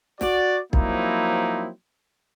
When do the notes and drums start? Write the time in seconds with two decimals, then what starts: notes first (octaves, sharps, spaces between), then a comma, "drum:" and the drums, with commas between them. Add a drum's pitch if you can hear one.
0.21 F#4 D5, drum: snare
0.73 F3 F#3 A#3 C4 D#4 E4, drum: kick